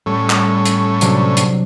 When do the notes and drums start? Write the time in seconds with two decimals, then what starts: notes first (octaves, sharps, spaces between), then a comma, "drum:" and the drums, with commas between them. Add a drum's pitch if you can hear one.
0.06 A2 G3 C#4
0.30 drum: clap
0.65 drum: hi-hat
1.01 C3 F#3 D4, drum: hi-hat
1.37 drum: hi-hat